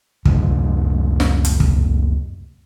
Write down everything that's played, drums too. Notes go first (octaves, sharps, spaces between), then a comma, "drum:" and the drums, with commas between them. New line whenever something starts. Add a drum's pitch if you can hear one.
C#2 F#2 C3 A3, drum: kick
drum: snare
drum: hi-hat
drum: kick